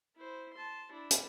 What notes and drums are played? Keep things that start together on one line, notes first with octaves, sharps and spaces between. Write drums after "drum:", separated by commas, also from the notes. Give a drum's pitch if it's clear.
E4 C5
A5 C6
D4 E4
drum: hi-hat